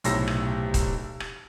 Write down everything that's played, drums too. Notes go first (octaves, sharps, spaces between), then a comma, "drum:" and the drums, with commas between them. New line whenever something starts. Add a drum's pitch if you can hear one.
B1 A2 C3 C#5 E6 A#6, drum: hi-hat
drum: rim click
drum: kick D#1, hi-hat
drum: rim click